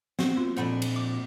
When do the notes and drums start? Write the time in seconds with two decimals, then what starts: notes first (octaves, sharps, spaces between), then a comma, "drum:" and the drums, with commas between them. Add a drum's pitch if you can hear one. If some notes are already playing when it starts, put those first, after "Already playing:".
0.19 B3 C4 F#4 C5, drum: snare
0.36 A#3 F4
0.57 F2 A#2 D4 C5 F#5 B5
0.82 drum: cymbal
0.96 D6